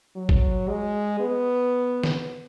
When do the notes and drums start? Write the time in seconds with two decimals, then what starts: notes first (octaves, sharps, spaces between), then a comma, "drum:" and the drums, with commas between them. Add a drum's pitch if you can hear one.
0.16 F#3
0.29 drum: kick
0.69 G#3
1.20 B3
2.04 drum: snare